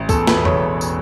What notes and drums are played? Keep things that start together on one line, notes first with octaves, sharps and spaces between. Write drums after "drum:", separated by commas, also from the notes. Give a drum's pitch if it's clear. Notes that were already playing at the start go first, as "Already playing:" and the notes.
Already playing: A1
E2 A4, drum: kick C#2, tambourine
B4, drum: snare
E1
C#5, drum: tom E2
drum: tambourine